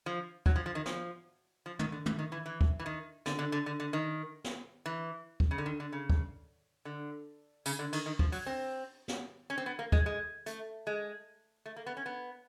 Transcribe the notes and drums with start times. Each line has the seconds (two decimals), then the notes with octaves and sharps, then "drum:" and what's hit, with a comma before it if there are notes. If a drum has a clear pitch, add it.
0.06 F3
0.46 F#3, drum: kick
0.56 F3
0.66 F3
0.75 D#3
0.86 F3, drum: snare
1.66 F3
1.79 D#3, drum: tom
1.92 D3
2.06 E3, drum: tom
2.19 D#3
2.32 E3
2.46 E3
2.61 drum: kick
2.80 E3
2.86 D#3
3.26 D3, drum: snare
3.39 D3
3.52 D3
3.66 D3
3.80 D3
3.93 D#3
4.44 drum: snare
4.86 E3
5.40 drum: kick
5.51 C#3
5.58 D3
5.66 D#3
5.80 D3
5.93 C#3
6.10 drum: kick
6.85 D3
7.66 C#3, drum: tambourine
7.79 D3
7.93 D#3, drum: cymbal
8.06 D#3
8.19 F3, drum: kick
8.32 F#3, drum: open hi-hat
8.46 C4
9.08 drum: snare
9.50 C#4
9.58 C4
9.66 B3
9.79 A#3
9.92 G#3, drum: kick
10.06 G#3
10.46 A3, drum: hi-hat
10.87 G#3
11.66 A3
11.76 A#3
11.86 B3
11.97 C#4
12.06 B3